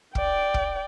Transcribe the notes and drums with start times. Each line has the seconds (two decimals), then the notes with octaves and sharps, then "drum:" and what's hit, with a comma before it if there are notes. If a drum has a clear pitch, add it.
0.15 D5 G5, drum: kick
0.54 drum: kick